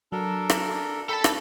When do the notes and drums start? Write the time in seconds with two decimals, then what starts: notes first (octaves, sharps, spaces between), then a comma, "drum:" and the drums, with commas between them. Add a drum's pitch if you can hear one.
0.12 F#3 D4 A4 A#4
0.50 drum: rim click
1.09 A4 G5 A5 B5 B6
1.24 drum: rim click